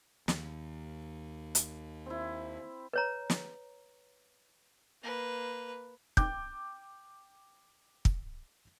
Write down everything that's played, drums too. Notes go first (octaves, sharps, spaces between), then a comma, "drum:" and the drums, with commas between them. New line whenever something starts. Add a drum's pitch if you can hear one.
D#2, drum: snare
drum: hi-hat
C4 E4
B4 C#5 A#5
drum: snare
A#3 B4
G5 D6 G6, drum: kick
drum: kick